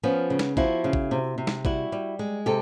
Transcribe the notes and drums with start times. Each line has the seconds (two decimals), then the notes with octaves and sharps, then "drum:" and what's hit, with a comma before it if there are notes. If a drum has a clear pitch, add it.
0.03 F3 B3 C#4
0.30 C#3
0.39 drum: snare
0.57 F3 E4 F#4, drum: kick G#1
0.84 C#3
0.93 drum: kick G#1
1.11 C3
1.38 C3
1.47 drum: snare
1.65 G3 E4 F#4, drum: kick G#1
1.92 G3
2.19 G#3
2.46 C3 G4 A4